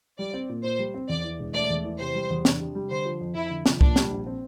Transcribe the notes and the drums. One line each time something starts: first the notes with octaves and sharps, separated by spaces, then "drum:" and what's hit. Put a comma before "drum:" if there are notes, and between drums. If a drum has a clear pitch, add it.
G3 D5
C4
A#2
A#2 C5
G3
C4
E2 D5
E3
E1
A3 D5
E2
E3
C3 C5
G3
E2
D4, drum: snare
C3
G3
D3 C5
F3
F2
F2 E4
D3
F3, drum: snare
A#2 D4, drum: kick C2
G3, drum: snare
A#1
C4